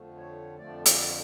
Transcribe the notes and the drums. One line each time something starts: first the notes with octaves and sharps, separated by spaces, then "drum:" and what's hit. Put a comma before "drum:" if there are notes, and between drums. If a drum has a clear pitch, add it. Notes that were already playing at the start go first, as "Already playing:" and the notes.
Already playing: F2 D3 F3 A3
C#5
F2 D3 F3 A3 D5
D5, drum: hi-hat